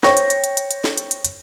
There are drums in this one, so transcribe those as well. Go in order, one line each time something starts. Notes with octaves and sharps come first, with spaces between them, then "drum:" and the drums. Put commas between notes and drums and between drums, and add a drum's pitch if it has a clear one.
C5 C#5 G5 C#6 A#6, drum: snare
drum: hi-hat
drum: hi-hat
drum: hi-hat
drum: hi-hat
drum: hi-hat
drum: snare
drum: hi-hat
drum: hi-hat
drum: hi-hat